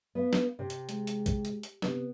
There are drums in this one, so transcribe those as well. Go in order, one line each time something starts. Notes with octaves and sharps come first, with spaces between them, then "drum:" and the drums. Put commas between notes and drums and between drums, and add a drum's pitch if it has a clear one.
B3 B4 F5
drum: snare
C3
drum: hi-hat
G#3, drum: hi-hat
drum: hi-hat
drum: kick, hi-hat
drum: hi-hat
drum: hi-hat
C3 B3, drum: snare